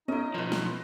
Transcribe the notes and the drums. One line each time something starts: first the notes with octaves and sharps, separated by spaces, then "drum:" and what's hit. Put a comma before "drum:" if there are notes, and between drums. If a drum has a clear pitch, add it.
C#4 D#4 E4 D#5
B2 F3 B4 C5
drum: snare